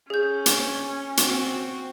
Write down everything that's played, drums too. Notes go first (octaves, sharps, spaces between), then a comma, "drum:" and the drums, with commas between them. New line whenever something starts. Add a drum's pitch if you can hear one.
C#4 G#4 G6
drum: hi-hat
C4 F#4, drum: hi-hat